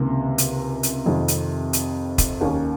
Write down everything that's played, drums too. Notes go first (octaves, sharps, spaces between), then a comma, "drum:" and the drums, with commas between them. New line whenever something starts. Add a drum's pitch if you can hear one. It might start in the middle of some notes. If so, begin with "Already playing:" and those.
Already playing: C#2 C3 D#3 A#3
drum: hi-hat
drum: hi-hat
F2 C3 D#3
drum: hi-hat
drum: hi-hat
drum: kick, hi-hat
D#2 D#3 A#3 C#4